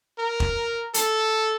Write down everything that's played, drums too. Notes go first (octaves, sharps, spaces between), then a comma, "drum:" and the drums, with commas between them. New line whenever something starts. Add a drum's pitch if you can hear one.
A#4
drum: kick E1
A4, drum: hi-hat